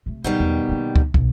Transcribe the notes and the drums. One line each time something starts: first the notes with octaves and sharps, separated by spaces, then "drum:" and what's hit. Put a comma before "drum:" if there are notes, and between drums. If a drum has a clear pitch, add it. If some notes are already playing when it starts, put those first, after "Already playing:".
C3 A3
D2 B2 D#3 G3
E2 A3
D3 A#3
drum: kick
B1, drum: kick